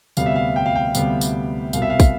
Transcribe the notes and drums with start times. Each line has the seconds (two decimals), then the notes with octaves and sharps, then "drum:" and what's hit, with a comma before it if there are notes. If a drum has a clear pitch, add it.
0.17 D2 C3 G3 B3 F5, drum: tambourine
0.26 E5
0.36 F5
0.56 G5
0.66 F5
0.76 G5
0.95 D2 C3 G3 B3 F5, drum: tambourine
1.21 drum: tambourine
1.73 C2 B2 B3 F5, drum: tambourine
1.82 E5
1.90 F5
2.00 drum: kick, tambourine